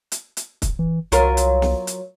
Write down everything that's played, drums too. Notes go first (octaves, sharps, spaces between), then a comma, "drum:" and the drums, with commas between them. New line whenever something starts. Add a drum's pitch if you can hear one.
drum: hi-hat
drum: hi-hat
drum: kick, hi-hat
E3
C2 F#3 F4 A#4, drum: hi-hat
drum: hi-hat
drum: snare
drum: hi-hat